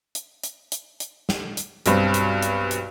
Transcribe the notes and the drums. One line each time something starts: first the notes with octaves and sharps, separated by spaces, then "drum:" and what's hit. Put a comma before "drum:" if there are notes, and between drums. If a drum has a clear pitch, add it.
drum: hi-hat
drum: hi-hat
drum: hi-hat
drum: hi-hat
drum: snare
drum: hi-hat
B1 G2 C4, drum: hi-hat
drum: hi-hat
drum: hi-hat
drum: hi-hat